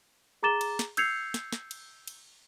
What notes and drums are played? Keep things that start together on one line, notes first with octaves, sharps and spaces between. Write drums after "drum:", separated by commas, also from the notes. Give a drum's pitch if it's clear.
G#4 A#5 D6 A6 E7 G7
drum: cymbal
drum: snare
E6 G6 G#6 C7 C#7 F7, drum: cymbal
drum: snare
drum: snare
drum: cymbal
drum: cymbal